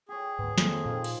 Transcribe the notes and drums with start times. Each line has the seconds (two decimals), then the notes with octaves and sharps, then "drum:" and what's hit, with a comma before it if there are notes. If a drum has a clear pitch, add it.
0.09 G4 G#4 C#5
0.39 D2 G#2 B3
0.58 F2 D#3 A3 A#3, drum: snare
0.86 A#2 D#3 F3
1.04 drum: cymbal